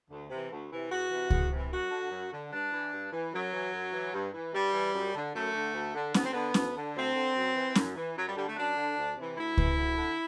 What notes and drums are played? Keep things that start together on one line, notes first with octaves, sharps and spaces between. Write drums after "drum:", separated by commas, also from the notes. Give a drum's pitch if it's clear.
D2
C3 E3
D2
C3 E3
E2 F#4
C3 E3
E2, drum: kick C#2
C3 E3
F#2 F#4
D3
F#2
D3
G2 D4
E3
G2
E3
F#2 F#3
E3
F#2
E3
G2
E3
G2 G3
E3
F#2
D3
F#2 A3
D3
D2
D3
D2 B3, drum: snare
C4
D3 B3
D2, drum: snare
D3
D2 C4
D3
F#2
E3
F#2, drum: snare
E3
F#2 F#3
G3
D3 G3
A3
F#2 D4
D3
D2
C3 E3
D2 E4
C3 E3, drum: kick C#2
D2
D3